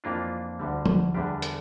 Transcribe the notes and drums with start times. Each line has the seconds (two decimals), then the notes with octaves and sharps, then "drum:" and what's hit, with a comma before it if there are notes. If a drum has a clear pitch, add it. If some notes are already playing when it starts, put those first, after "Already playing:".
0.04 F2 E3 A#3 D4 F4
0.59 D2 D3 G3
0.86 drum: tom
1.14 E2 D3 G3 D4 G4
1.42 A4, drum: hi-hat